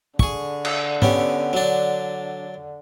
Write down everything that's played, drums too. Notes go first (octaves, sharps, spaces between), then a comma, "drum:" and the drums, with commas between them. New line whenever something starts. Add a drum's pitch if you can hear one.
D3 G#4 C#6, drum: kick
drum: cymbal
B3 C#4 G4, drum: tom G#2
F#3 D4